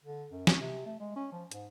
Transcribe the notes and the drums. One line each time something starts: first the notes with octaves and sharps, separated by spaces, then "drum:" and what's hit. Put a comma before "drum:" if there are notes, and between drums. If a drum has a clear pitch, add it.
D3
F#2
C#4, drum: snare
C3
A3
G#3
C#4
F3
G#2, drum: hi-hat